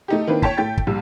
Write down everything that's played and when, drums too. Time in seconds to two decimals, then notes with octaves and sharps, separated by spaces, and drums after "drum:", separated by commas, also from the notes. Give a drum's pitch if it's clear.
0.08 A3 D#4 G4
0.27 D#3 A#3 C4 D4 E4 B4
0.42 C#5 G5 A5 B6, drum: kick
0.57 A2 A3 G5 A6
0.77 drum: kick
0.87 A#1 G3 E6